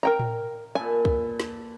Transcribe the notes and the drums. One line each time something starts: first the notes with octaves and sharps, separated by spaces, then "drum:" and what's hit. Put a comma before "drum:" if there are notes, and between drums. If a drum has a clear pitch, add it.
A#4 G5 A#5
drum: tom A2
A#2 A4 B4 G#5
drum: kick
drum: snare